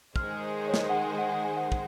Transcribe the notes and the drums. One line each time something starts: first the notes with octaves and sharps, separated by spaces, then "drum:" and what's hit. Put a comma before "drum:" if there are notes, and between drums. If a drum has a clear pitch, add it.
D#3 G#3 D#4 G#4 C5 F6, drum: kick
C#5
D#5, drum: snare
F#5
G#5
F#5
F#5
G#5
F#5
drum: kick